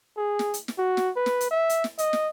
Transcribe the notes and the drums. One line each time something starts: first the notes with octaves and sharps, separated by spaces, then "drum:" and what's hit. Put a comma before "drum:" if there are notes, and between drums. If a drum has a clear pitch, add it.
G#4
drum: snare
drum: hi-hat
drum: snare
F#4
drum: snare
B4
drum: snare
drum: hi-hat
E5
drum: hi-hat
drum: snare
D#5, drum: hi-hat
drum: snare